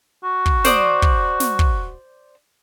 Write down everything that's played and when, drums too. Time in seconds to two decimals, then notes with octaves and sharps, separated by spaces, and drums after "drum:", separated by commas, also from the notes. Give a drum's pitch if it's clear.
0.24 F#4
0.46 drum: kick
0.64 C5 D5 D#6, drum: snare
1.02 drum: kick
1.40 drum: snare
1.59 drum: kick